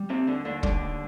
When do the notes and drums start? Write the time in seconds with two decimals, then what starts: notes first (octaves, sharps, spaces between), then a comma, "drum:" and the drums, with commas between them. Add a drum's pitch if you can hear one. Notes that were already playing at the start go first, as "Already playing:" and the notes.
Already playing: G3
0.09 D#2 C3 C4
0.27 D#2 D3 D4
0.45 D#2 D3 D4
0.63 D3 G3 D4, drum: kick
0.80 D#2